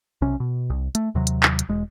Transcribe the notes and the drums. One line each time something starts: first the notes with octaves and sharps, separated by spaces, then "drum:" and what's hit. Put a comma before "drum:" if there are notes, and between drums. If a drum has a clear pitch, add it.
B1 C3 C#4
B2
C2
A3, drum: hi-hat
D#2 C3 F#3
drum: hi-hat
drum: clap
drum: hi-hat
E1 G#3